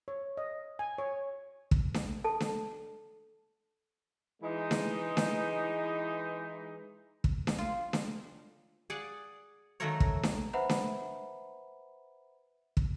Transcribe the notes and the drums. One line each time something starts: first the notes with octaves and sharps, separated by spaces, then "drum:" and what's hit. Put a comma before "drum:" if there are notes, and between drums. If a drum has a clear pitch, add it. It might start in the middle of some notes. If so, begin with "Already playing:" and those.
C#5
D#5
G#5
C#5
drum: kick
drum: snare D4
A4 A5
drum: snare D4
E3 G#3 D#4
drum: snare D4
drum: snare D4
drum: kick
drum: snare D4
F4
drum: snare D4
G#4 D5 F#5
D#3 F#3 A3 F#4 A#4 C#5
drum: kick
drum: snare D4
B4 C5 E5 F#5 A#5 B5
drum: snare D4
drum: kick